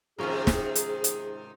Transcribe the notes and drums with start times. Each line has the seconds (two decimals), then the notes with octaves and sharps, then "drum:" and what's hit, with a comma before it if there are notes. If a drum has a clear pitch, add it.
0.19 G#2 C3 D#3 F3 C#4 G#4 A#4
0.47 drum: snare
0.75 drum: hi-hat
1.04 drum: hi-hat